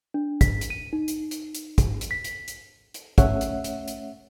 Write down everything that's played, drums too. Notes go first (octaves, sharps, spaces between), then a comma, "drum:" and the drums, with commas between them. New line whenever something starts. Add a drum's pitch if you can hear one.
D4
B6, drum: kick, hi-hat
drum: hi-hat
D#7
D#4
drum: hi-hat
drum: hi-hat
drum: hi-hat
drum: kick, hi-hat
drum: hi-hat
B6
drum: hi-hat
drum: hi-hat
drum: hi-hat
A3 C#4 C#5 E5 F#5, drum: kick, hi-hat
drum: hi-hat
drum: hi-hat
drum: hi-hat